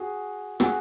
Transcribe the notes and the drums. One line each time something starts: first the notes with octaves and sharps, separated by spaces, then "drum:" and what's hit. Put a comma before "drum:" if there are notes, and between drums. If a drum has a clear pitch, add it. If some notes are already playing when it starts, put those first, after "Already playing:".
Already playing: F#4 G#4
F#4 G#4, drum: rim click